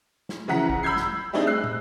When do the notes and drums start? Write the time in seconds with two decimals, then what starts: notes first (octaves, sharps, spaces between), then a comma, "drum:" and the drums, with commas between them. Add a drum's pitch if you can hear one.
0.29 drum: snare
0.48 C#3 E3 F3 F#5 A#5 B6
0.70 drum: kick
0.83 B5 E6 G6 G#6 C7
0.97 drum: snare
1.33 G3 A3 C4 D4 D#4 G#4
1.47 E6 F#6 C7
1.64 drum: tom